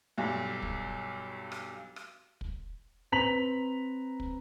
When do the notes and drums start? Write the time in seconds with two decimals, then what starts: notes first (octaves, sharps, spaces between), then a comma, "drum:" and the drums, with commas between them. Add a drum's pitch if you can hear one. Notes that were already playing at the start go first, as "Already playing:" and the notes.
0.18 B1 G2
0.62 drum: kick
1.52 drum: rim click
1.96 drum: rim click
2.41 drum: kick
3.12 C4 B4 A#5 B6 F7 F#7
4.20 drum: kick